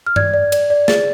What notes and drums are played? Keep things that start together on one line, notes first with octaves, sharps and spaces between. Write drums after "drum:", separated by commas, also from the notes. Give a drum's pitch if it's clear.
F6
D5 G#6, drum: tom G2
D5
D5, drum: cymbal
D5
G#4 A6, drum: snare